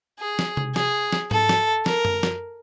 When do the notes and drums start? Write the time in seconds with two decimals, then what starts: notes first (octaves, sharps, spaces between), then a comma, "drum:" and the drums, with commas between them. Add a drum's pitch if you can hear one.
0.20 G#4
0.39 drum: snare
0.57 drum: tom C3
0.76 G#4, drum: snare
1.13 drum: snare
1.31 A4, drum: tom G#2
1.49 drum: snare
1.86 A#4, drum: snare
2.05 drum: tom F#2
2.23 drum: snare